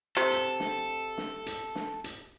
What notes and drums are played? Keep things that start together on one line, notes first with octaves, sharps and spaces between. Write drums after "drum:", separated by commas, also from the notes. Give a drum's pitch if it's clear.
C3 A4
drum: hi-hat
drum: snare
drum: snare
drum: hi-hat
drum: snare
drum: hi-hat